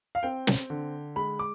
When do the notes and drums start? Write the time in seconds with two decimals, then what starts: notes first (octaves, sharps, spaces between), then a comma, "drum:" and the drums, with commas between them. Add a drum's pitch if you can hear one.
0.15 F5
0.23 C4 G5
0.47 drum: snare
0.70 D3
1.16 G#3 B5
1.39 D6